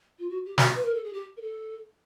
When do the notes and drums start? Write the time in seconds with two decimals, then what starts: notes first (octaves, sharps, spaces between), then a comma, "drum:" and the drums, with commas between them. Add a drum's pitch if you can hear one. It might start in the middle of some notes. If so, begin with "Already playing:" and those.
0.19 F4
0.30 F#4
0.46 G4
0.58 F#4, drum: snare
0.75 B4
0.85 A#4
0.94 A4
1.04 G#4
1.13 G4
1.37 A#4
1.41 A4